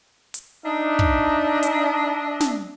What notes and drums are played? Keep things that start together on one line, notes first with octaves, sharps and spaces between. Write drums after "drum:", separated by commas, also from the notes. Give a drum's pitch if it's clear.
drum: hi-hat
D4 D#4 D#5 E5
drum: kick
drum: hi-hat
drum: snare